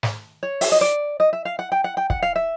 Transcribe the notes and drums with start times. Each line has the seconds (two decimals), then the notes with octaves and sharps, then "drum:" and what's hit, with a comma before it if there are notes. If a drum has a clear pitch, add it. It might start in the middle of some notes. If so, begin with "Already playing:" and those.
0.03 drum: snare
0.43 C#5
0.61 E5, drum: open hi-hat
0.72 D#5
0.81 D5
1.20 D#5
1.33 E5
1.45 F5
1.59 F#5
1.72 G5
1.84 F#5
1.97 G5
2.10 F#5, drum: kick
2.23 F5
2.36 E5